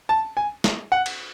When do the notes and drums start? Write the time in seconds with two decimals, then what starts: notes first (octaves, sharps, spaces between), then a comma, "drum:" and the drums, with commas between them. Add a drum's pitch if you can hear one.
0.09 A5
0.37 G#5
0.64 drum: snare
0.92 F#5
1.06 drum: cymbal